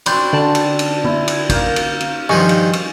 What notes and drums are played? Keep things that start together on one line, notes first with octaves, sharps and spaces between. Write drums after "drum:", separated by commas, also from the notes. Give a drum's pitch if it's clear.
C4 D4 F#4 B5 C6 G6, drum: cymbal
D3 D5 A5
drum: cymbal
drum: cymbal
E4, drum: tom
drum: cymbal
A#3 A#4 F5 G6, drum: kick, cymbal
drum: cymbal
drum: cymbal
G2 D#3 F3 D#5 G#5 C#6
drum: cymbal
drum: cymbal